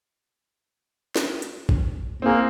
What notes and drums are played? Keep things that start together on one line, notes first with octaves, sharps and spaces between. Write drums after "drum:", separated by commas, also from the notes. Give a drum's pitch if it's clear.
drum: snare
drum: hi-hat
drum: kick
A#3 C4 G#4